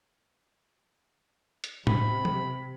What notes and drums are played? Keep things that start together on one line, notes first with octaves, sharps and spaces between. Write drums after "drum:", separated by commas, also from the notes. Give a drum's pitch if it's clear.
drum: hi-hat
C3 B5, drum: tom
drum: tom